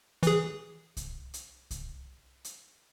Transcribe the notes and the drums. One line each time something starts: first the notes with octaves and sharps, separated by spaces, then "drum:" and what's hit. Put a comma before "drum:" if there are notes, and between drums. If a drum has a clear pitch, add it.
E3 G#4, drum: hi-hat
drum: kick C2, hi-hat
drum: hi-hat
drum: kick C2, hi-hat
drum: hi-hat